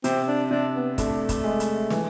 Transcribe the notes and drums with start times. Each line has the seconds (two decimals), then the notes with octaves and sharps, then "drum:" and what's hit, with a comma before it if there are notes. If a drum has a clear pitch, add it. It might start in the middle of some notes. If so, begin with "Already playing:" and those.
0.04 C3 C4, drum: hi-hat
0.28 D4
0.51 C3 D4
0.75 B3
0.98 A3 D4, drum: kick, hi-hat
1.29 drum: kick, hi-hat
1.44 G#3
1.60 drum: hi-hat
1.90 E3, drum: snare